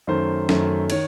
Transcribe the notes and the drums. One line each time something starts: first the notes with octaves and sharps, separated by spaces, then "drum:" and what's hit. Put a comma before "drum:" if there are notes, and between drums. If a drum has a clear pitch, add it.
F#2 D#3 A3 C5
F#2 D#3 A3, drum: snare
D#3 C#5, drum: cymbal